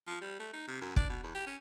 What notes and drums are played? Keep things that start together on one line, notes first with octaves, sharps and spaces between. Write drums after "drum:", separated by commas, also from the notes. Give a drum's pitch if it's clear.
F3
G3
A3
D#4
C3
F#2
D4, drum: kick
B2
E2
G4
C#4